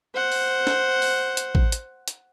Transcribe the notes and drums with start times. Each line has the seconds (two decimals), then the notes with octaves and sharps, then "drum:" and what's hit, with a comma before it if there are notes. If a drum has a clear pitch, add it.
0.14 C5 F#5
0.32 drum: open hi-hat
0.67 drum: snare
1.02 drum: open hi-hat
1.37 drum: hi-hat
1.55 drum: kick A1
1.72 drum: hi-hat
2.08 drum: hi-hat